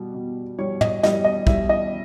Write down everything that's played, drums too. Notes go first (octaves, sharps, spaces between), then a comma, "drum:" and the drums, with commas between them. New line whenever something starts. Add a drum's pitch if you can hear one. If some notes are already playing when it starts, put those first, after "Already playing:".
Already playing: B2 G3
B2
G3 C#5
D#5, drum: tom
G3 D#5, drum: snare
D#5
G3 E5, drum: kick
D#5